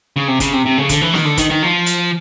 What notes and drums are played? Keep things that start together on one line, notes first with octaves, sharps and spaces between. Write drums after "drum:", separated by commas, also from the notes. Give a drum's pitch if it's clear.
C#3
C3
C#3, drum: kick, hi-hat
C3
C3
C#3
D3, drum: kick, hi-hat
E3
D#3, drum: snare
D3
D#3, drum: kick, hi-hat
D#3
F3
drum: hi-hat